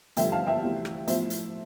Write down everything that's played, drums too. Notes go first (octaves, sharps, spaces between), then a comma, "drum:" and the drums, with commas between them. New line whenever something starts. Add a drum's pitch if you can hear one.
A1 G2 D3 F3 E5 G5, drum: hi-hat
F5 A5
E5 G5
D2 C3 E3
drum: rim click
B1 A2 F3 C5 E5, drum: hi-hat
drum: hi-hat